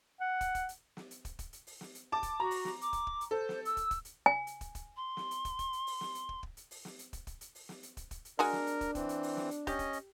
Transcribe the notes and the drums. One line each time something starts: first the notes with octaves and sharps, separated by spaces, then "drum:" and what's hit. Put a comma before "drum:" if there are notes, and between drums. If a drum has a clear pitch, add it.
F#5
drum: kick, hi-hat
drum: kick, hi-hat
drum: hi-hat
drum: snare
drum: hi-hat
drum: kick, hi-hat
drum: kick, hi-hat
drum: hi-hat
drum: open hi-hat
drum: snare
drum: hi-hat
A5 D6
drum: kick, hi-hat
F#4 A#5
drum: open hi-hat
drum: snare
D6, drum: hi-hat
drum: kick, hi-hat
drum: kick
drum: hi-hat
A4 C5
drum: snare
E6, drum: hi-hat
drum: kick, hi-hat
drum: kick, hi-hat
drum: hi-hat
G#5
drum: hi-hat
drum: kick, hi-hat
drum: kick, hi-hat
C6
drum: snare
drum: hi-hat
drum: kick, hi-hat
drum: kick, hi-hat
drum: hi-hat
drum: open hi-hat
drum: snare
drum: hi-hat
drum: kick
drum: kick
drum: hi-hat
drum: open hi-hat
drum: snare
drum: hi-hat
drum: kick, hi-hat
drum: kick, hi-hat
drum: hi-hat
drum: open hi-hat
drum: snare
drum: hi-hat
drum: kick, hi-hat
drum: kick, hi-hat
drum: hi-hat
G#3 D4 F#4 A#4 G#5, drum: open hi-hat
drum: snare
drum: hi-hat
drum: kick, hi-hat
E3 C4, drum: kick, hi-hat
drum: hi-hat
drum: open hi-hat
drum: snare
drum: hi-hat
C#4 G4 D#5, drum: kick, hi-hat
drum: kick, hi-hat
drum: hi-hat